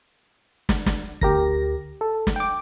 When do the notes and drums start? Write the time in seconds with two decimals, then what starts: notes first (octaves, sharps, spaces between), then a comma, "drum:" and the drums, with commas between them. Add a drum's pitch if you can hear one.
0.69 drum: snare
0.86 drum: snare
1.21 D2 G4 A#4 A#6, drum: kick
2.01 A4
2.27 drum: snare
2.36 G5 D6